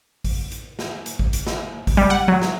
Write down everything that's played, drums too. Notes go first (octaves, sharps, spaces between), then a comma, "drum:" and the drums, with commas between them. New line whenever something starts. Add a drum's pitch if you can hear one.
drum: kick A1, open hi-hat
drum: hi-hat
drum: snare
drum: hi-hat
drum: kick A1
drum: hi-hat
drum: snare
drum: kick A1, open hi-hat
G3
F#5
F#3
drum: snare